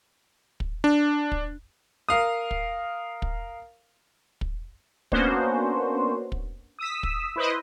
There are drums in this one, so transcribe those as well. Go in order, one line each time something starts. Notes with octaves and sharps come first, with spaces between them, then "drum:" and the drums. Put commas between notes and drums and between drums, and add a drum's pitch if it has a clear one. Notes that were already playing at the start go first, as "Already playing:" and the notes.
drum: kick
D4
drum: kick
A#4 F5 D#6
drum: kick
drum: kick
drum: kick
A#3 B3 C#4 D4 F#4 C5, drum: kick
drum: kick
D#6 E6 B6
drum: kick
E4 B4 C5 D#5